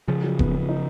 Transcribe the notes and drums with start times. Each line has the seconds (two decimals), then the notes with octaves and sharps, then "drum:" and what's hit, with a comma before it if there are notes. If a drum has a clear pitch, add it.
0.08 C#3 F3 G#4
0.23 F#3
0.39 B3, drum: kick E1
0.53 B3
0.69 D#4